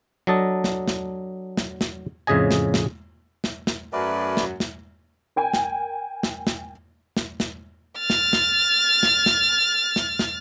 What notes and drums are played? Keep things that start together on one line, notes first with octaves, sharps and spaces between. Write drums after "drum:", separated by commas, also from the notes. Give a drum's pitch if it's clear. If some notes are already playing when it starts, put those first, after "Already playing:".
F#3 D4 A4 D#5 A5
drum: snare
drum: snare
drum: snare
drum: snare
F2 A2 C#3 G#4 D#5 G#5
drum: snare
drum: snare
drum: snare
drum: snare
F#2 A3 B4 D5
drum: snare
drum: snare
A#4 G5 G#5
drum: snare
drum: snare
drum: snare
drum: snare
drum: snare
F6 A6
drum: snare
drum: snare
drum: snare
drum: snare
drum: snare
drum: snare